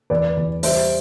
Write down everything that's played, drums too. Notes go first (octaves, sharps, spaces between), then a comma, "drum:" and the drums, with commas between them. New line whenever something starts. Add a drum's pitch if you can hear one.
E2 B4 D5
E2
G3 C5 E5, drum: open hi-hat